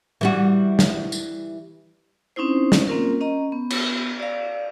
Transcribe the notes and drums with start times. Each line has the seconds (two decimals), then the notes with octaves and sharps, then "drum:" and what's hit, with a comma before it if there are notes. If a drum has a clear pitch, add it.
0.21 E3 G3 F#4
0.79 drum: snare
1.12 drum: tambourine
2.36 C4 C#4 D#4 E4 C5
2.72 drum: snare
2.88 A#3 C4 C#4 F4 A#4
3.20 C#4 D#5 A#5
3.52 B3
3.70 drum: cymbal
4.20 D5 F5